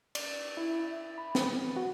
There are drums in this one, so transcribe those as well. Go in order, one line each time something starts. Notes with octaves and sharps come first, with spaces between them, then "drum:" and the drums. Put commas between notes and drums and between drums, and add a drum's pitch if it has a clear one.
D5, drum: cymbal
E4
E5
B5
B4, drum: snare
F#4